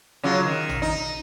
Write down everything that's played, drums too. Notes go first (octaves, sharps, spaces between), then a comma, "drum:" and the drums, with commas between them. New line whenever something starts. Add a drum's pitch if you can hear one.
C#3 F#3 F4
D#3
drum: tom A1
D#4